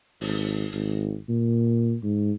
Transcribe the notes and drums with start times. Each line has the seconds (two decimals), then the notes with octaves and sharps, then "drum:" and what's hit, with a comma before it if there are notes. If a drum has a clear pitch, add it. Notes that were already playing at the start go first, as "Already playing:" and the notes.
0.21 G#1, drum: open hi-hat
0.73 G#1, drum: hi-hat
1.29 A#2
2.03 G#2